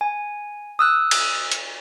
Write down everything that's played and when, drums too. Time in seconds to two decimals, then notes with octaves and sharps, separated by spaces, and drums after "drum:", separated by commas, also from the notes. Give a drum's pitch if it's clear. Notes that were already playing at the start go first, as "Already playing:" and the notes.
0.01 G#5
0.79 D#6 E6 F#6
1.11 drum: cymbal
1.52 drum: hi-hat